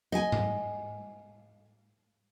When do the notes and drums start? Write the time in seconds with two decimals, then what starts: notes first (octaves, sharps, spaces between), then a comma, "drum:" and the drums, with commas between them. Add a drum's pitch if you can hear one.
0.12 D#5 G#5
0.32 drum: tom G#2